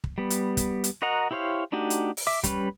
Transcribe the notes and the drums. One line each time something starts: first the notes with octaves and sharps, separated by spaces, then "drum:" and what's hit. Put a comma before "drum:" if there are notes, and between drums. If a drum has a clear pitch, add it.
drum: kick
G3 B3
drum: hi-hat
drum: kick, hi-hat
drum: hi-hat
F#4 A#4 D#5 F#5 A#5
E4 G4 C5 C#5 F5
A3 D4 D#4 F#4 G4
drum: hi-hat
drum: open hi-hat
E5 D6
G3 C#4 B4, drum: kick, hi-hat